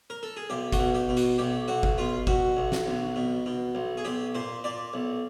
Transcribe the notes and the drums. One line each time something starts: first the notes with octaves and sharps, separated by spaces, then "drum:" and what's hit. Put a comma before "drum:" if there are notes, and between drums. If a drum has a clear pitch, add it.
A#4
A4
G#4
B1 G4
F#4, drum: kick F#1, hi-hat
B2
G4
B2
F#4, drum: hi-hat
B1 G4
B1 F#4
drum: kick F#1
B2 F4
B2 F#4, drum: kick F#1
B1
drum: snare
B1
B2
B2
B1
G#4
B1 G4
A#2 C5
A#2 D5
B1